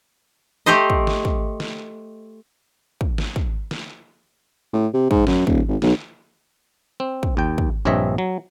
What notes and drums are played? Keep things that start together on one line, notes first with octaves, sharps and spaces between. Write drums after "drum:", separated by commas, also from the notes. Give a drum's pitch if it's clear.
A3 G4 C5 D#5
drum: kick
drum: snare
drum: kick
drum: snare
drum: kick
drum: snare
drum: kick
drum: snare
A2
C3
G#2, drum: kick
F#2, drum: snare
D#1, drum: kick
G#1
B1, drum: snare
C4
drum: kick
D#2 G5
drum: kick
A#1 G2 C4 C#5 D#5 E5
F#3